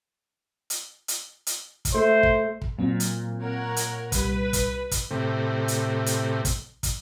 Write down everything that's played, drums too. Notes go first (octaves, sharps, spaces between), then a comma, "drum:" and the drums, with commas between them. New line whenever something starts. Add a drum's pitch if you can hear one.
drum: hi-hat
drum: hi-hat
drum: hi-hat
drum: kick, hi-hat
A3 C5
drum: kick
drum: kick
A#2 F#3 C4
drum: hi-hat
A#4 C#5 F#5
drum: hi-hat
C2 G3 B4, drum: kick, hi-hat
drum: kick, hi-hat
drum: kick, hi-hat
A2 C3
drum: hi-hat
drum: hi-hat
drum: kick, hi-hat
drum: kick, hi-hat